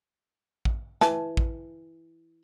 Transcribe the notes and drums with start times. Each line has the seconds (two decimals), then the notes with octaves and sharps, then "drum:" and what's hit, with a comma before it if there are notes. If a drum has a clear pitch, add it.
0.65 drum: kick
1.01 E3 A5, drum: snare
1.37 drum: kick